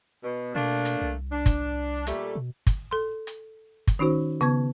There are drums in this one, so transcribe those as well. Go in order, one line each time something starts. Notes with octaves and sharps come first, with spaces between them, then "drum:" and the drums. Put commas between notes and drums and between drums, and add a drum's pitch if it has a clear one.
B2
B2 A3 A#3 D4
drum: hi-hat
C2
D4
drum: kick, hi-hat
A#2 G3 A3, drum: hi-hat
B2
drum: kick, hi-hat
A4 C6
drum: hi-hat
drum: kick, hi-hat
D#3 C#4 D#4 F#4 C5
C#3 B3 C#6 G#6